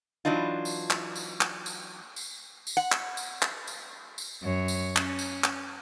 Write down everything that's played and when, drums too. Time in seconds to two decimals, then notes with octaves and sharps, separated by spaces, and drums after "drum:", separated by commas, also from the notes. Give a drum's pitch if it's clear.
0.25 E3 F#3 D4 D#4 F4
0.65 drum: tambourine
0.90 drum: clap
1.16 drum: tambourine
1.41 drum: clap
1.66 drum: tambourine
2.16 drum: tambourine
2.67 drum: tambourine
2.77 F#5
2.92 drum: clap
3.17 drum: tambourine
3.42 drum: clap
3.67 drum: tambourine
4.18 drum: tambourine
4.43 F#2 C#5
4.68 drum: tambourine
4.96 C#4, drum: clap
5.19 drum: tambourine
5.44 drum: clap